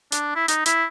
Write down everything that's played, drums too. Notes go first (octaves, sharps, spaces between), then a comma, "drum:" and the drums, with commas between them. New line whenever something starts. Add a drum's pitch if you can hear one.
D4, drum: hi-hat
E4
D#4, drum: hi-hat
E4, drum: hi-hat